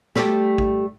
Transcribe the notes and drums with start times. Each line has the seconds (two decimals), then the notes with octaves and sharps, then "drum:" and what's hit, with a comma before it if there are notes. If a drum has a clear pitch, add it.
0.15 G3 A3 G4, drum: snare
0.58 drum: kick